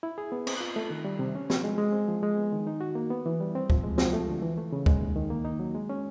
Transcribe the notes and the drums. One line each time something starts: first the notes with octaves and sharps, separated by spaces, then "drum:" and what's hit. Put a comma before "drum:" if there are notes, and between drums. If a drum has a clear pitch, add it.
E4
G#4
B3
C4, drum: cymbal
F4
A3
D#3
G3
C3
C#4
F3, drum: snare
G#3
G#3
C4
F3
G#3
B3
D#3
D#4
F#4
A#3
B3
E3
G3
C4
F3, drum: kick C#2
G#3
F3, drum: snare
A3
D3
E3
A3
C#3
G#3, drum: kick C#2
D#2
D#3
A#3
D#4
F#3
G#3
C#4